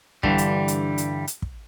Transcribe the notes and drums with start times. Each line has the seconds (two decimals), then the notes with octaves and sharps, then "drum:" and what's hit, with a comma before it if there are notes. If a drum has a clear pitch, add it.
0.23 G2 D3 E3 G3, drum: kick
0.38 drum: hi-hat
0.68 drum: hi-hat
0.98 drum: hi-hat
1.27 drum: hi-hat
1.42 drum: kick